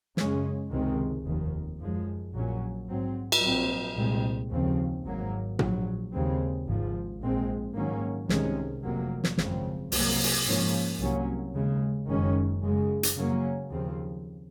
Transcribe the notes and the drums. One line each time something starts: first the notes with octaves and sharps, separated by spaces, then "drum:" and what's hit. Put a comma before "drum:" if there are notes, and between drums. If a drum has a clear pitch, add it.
F#2 C#3 G#3 C#4, drum: snare
C#2 C3 D#3 G#3 C4
F1 D#2 D#3
F#2 F3 G#3
A#1 A#2 F#3 C#4
G#2 F#3 C4
drum: cymbal
A#1 A#2 F#3 C4
C2 A#2 G#3 C4
D#2 C#3 F3 C4
G#1 G#2 F#3 A#3
A#1 A#2 F#3, drum: tom A#2
D#2 C#3 G#3 C4
G#1 G#2 F3
A#1 A#2 G#3 C4
G#2 D#3 F#3 A#3 C#4
C2 C3 D#3 G#3 C#4, drum: snare
F1 F2 C3 F#3 A#3
drum: snare
G#1 F#2 C#3 F3 C4, drum: snare
C2 C3 F#3 A#3, drum: open hi-hat
drum: open hi-hat
G#2 F3 A#3 C#4
C2 C3 F#3 A#3 C#4
D#2 C#3 G#3
F#1 F#2 D#3 G#3 C#4
F#2 C#3 G#3
drum: hi-hat
F#2 C#3 F#3 A#3 C#4
D#2 C#3 F3 C4